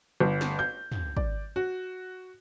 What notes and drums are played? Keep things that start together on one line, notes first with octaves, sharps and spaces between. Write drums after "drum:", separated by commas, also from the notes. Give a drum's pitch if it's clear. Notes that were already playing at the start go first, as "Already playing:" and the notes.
G1
drum: snare
G6
drum: tom
D5, drum: kick
F#4